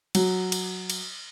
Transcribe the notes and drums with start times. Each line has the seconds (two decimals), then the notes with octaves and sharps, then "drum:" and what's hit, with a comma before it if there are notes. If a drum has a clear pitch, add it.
0.15 F#3, drum: cymbal
0.52 drum: cymbal
0.90 drum: cymbal